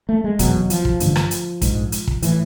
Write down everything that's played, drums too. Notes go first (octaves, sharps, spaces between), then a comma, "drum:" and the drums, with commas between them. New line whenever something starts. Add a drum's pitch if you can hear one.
A3
G#3
F1 E2 B2 F#3, drum: kick, hi-hat
F3, drum: hi-hat
drum: kick
A1 G2 D3, drum: hi-hat
drum: rim click
drum: hi-hat
A#1 G#2, drum: kick, hi-hat
drum: hi-hat
drum: kick
A2 E3, drum: hi-hat